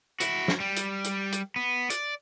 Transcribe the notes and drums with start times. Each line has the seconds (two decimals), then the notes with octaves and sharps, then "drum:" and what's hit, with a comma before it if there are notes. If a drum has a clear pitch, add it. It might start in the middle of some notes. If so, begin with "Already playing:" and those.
0.20 E4 F#4, drum: hi-hat
0.48 drum: snare
0.60 G3
0.76 drum: hi-hat
1.04 drum: hi-hat
1.32 drum: hi-hat
1.56 B3
1.90 D5, drum: hi-hat